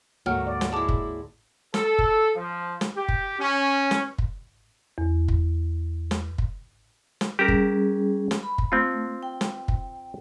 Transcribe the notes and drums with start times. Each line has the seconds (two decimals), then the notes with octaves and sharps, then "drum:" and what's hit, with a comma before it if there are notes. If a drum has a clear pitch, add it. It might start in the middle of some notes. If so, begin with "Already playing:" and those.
0.26 D2 G#2 F#3 A3 A#3 F#5 G5 F6
0.47 D5
0.61 drum: snare
0.72 G#3 E4 G#4 A5 D6
0.89 drum: kick
1.74 A4, drum: snare
1.99 drum: kick
2.35 F3
2.81 drum: snare
2.95 G4
3.08 drum: kick
3.39 C#4
3.91 drum: snare
4.18 drum: kick
4.98 E2
5.28 drum: kick
6.11 drum: snare
6.38 drum: kick
7.21 drum: snare
7.39 G3 C#4 G4 G#4 A#4
7.48 drum: kick
8.31 drum: snare
8.43 B5
8.58 drum: kick
8.72 A3 C4 F4
9.23 G5
9.41 drum: snare
9.68 drum: kick